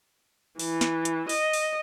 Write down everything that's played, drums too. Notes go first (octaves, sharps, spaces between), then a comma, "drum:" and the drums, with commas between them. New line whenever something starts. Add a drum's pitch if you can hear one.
E3, drum: open hi-hat
drum: snare
drum: hi-hat
D#5, drum: open hi-hat
drum: open hi-hat